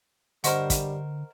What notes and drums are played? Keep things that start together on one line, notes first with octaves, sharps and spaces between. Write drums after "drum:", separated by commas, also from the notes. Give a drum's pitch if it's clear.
G2 D3 G3 A#4 C5 D#5 F#5 C#6, drum: hi-hat
drum: kick, hi-hat